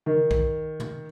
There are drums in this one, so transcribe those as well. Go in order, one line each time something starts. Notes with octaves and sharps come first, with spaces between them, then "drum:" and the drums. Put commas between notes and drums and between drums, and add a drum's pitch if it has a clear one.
D#3
drum: kick B1
drum: tom